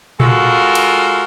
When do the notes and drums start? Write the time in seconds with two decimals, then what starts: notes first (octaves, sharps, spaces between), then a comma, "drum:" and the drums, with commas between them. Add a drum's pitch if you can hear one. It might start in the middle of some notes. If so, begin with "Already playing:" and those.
0.20 G#3 F4 F#4 A4 A#4, drum: tom A#2
0.75 drum: cymbal